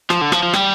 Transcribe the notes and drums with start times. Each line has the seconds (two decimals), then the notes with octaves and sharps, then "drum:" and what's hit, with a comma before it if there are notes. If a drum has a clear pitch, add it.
0.10 F3, drum: rim click
0.21 D3
0.32 F3, drum: rim click
0.43 F3
0.53 G3, drum: rim click